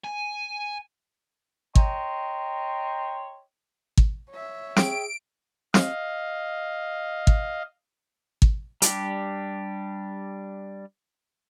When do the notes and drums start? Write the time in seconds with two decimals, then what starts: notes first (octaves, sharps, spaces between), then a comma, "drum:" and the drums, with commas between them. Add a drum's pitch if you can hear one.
0.04 G#5
1.75 C#5 D#5 G5 A#5 C6, drum: kick
3.97 drum: kick
4.30 C#5 E5
4.77 G#4 G5 D7, drum: snare
5.74 D#5 F5, drum: snare
7.27 drum: kick
8.42 drum: kick
8.82 G3 D4 G4, drum: hi-hat